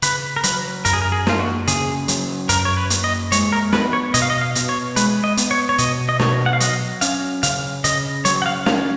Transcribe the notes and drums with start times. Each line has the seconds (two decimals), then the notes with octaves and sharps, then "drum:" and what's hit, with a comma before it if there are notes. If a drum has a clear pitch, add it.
0.02 C#3 B4, drum: hi-hat
0.36 A#4
0.44 F#3 B4, drum: hi-hat
0.85 F#2 A#4, drum: hi-hat
0.93 G#4
1.02 A#4
1.12 G#4
1.27 A#3 F4, drum: snare
1.39 F#4
1.67 C#3 G#4, drum: hi-hat
2.08 F#3, drum: hi-hat
2.49 F#2 A#4, drum: hi-hat
2.65 C#5
2.77 B4
2.90 A#3, drum: hi-hat
3.04 D#5
3.32 G#3 C#5, drum: hi-hat
3.52 A#4
3.73 B3 B4, drum: snare
3.93 C#5
4.14 B2 D#5, drum: hi-hat
4.22 F5
4.30 D#5
4.41 F5
4.55 B2, drum: hi-hat
4.69 C#5
4.96 G#3 B4, drum: hi-hat
5.24 D#5
5.37 B3, drum: hi-hat
5.51 C#5
5.69 C#5
5.78 B2 D#5, drum: hi-hat
6.09 D#5
6.19 B2 C#5, drum: snare
6.46 F#5
6.53 F5
6.60 F#3 D#5, drum: hi-hat
7.01 C#4 F5, drum: hi-hat
7.43 C#3 F5, drum: hi-hat
7.84 C#3 D#5, drum: hi-hat
8.25 F#3 C#5, drum: hi-hat
8.42 F#5
8.46 F5
8.66 C#4 F5, drum: snare